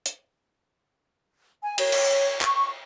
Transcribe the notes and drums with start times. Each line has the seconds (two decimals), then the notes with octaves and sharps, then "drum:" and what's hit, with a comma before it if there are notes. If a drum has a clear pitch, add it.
0.06 drum: hi-hat
1.61 G#5
1.78 C#5, drum: cymbal
1.92 drum: cymbal
2.41 C#6, drum: clap